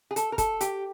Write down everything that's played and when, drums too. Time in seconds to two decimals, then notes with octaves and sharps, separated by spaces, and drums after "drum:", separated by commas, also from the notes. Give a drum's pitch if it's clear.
0.11 G#4
0.16 A4, drum: hi-hat
0.32 A#4
0.38 A4, drum: kick, hi-hat
0.61 G4, drum: hi-hat